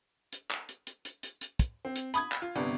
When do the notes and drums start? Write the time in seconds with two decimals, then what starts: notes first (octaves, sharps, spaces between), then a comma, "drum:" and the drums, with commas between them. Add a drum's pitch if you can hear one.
0.33 drum: hi-hat
0.51 drum: clap
0.69 drum: hi-hat
0.87 drum: hi-hat
1.05 drum: hi-hat
1.23 drum: hi-hat
1.41 drum: hi-hat
1.59 drum: kick, hi-hat
1.85 C4
1.96 drum: hi-hat
2.14 B5 D#6 G#6, drum: hi-hat
2.32 drum: clap
2.42 F4
2.56 G1 C3 B3 D4